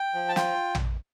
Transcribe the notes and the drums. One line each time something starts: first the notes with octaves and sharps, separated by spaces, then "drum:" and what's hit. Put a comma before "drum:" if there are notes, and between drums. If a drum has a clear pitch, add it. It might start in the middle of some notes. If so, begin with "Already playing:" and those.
Already playing: G5
F3
A5
F4 G5, drum: snare
drum: tom